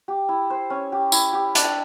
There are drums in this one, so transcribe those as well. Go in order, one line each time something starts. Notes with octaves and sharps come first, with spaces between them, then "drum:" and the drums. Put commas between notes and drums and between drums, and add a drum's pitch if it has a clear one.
G4
E4
C5
C#4
G4
E4, drum: tambourine
G4
D4, drum: hi-hat